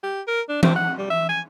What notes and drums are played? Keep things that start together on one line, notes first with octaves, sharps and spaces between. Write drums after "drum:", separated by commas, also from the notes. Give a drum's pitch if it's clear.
G4
A#4
D4
C4, drum: tom E3
F#5
G3
E5
G#5